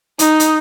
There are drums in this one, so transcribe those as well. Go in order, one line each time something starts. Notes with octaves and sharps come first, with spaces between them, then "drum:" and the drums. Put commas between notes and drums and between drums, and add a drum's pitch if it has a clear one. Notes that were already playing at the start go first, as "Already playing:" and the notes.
D#4, drum: hi-hat
drum: hi-hat